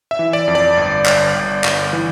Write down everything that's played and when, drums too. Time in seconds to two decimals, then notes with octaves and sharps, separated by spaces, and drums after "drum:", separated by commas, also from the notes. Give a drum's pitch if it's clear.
0.11 E5
0.19 E3
0.33 D5
0.48 F2
0.55 D5
0.77 G1
1.06 G1, drum: clap
1.35 G1
1.64 G1, drum: clap
1.93 E3